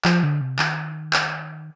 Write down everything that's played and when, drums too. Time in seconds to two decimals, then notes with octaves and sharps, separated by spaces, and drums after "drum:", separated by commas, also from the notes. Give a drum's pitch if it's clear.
0.05 F3, drum: clap
0.23 D3
0.41 C3
0.59 D#3, drum: clap
1.13 drum: clap